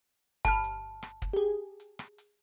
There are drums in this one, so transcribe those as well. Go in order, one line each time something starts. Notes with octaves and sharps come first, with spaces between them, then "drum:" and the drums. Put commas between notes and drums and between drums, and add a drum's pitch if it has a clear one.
G1 A5 B5 F6, drum: kick
drum: hi-hat
drum: rim click
drum: kick
G4 G#4
drum: hi-hat
drum: rim click
drum: hi-hat